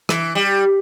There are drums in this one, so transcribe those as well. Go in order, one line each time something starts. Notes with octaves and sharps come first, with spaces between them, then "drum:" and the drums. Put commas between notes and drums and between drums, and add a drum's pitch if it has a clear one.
E3, drum: rim click
G3